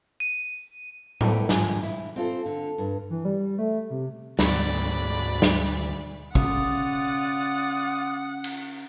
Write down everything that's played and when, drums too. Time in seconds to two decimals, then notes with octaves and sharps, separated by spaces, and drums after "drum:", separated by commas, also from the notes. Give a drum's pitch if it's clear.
0.20 D#7
1.21 A3 B3 E4 A#4 D5, drum: tom A2
1.49 D#2 G#2 F3 G#5, drum: snare
1.83 E4
2.16 C4 F4 A4 C5
2.46 D3
2.78 G2
3.10 E3
3.25 G3
3.58 A3
3.90 C3
4.39 D2 G#2 B2 D5 B5, drum: snare
5.42 drum: snare
6.35 C#3 F4 D5 F#5 D#6, drum: kick
8.44 drum: cymbal